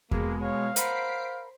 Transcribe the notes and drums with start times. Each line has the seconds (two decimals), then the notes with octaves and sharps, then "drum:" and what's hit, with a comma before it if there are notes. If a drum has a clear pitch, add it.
0.11 B2 G#3 A#3, drum: kick E2
0.42 C#5 F5
0.76 A#4 C5 F#5 B5 B6 C7 D7, drum: hi-hat